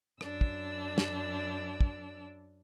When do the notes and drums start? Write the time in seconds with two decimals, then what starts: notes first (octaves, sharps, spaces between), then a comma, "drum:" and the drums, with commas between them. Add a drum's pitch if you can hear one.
0.21 F#2 D4 E6, drum: rim click
0.41 drum: kick
0.98 drum: snare
1.81 drum: kick